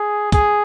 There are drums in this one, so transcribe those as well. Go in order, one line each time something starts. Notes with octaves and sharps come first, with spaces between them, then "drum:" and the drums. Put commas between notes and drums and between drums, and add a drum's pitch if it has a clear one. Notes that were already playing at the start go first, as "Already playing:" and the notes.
Already playing: G#4
G#4, drum: kick, hi-hat